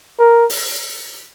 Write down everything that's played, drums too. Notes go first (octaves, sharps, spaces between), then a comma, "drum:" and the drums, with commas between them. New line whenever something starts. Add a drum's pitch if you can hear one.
A#4
drum: open hi-hat